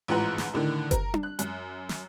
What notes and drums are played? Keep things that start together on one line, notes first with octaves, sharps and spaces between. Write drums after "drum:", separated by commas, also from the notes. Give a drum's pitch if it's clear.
A1 G#2 F3 B4 F#5 A#5
drum: snare
A2 D3 D#3
A#4, drum: kick F#1, hi-hat
drum: tom D4
F#6
F#2, drum: hi-hat
drum: snare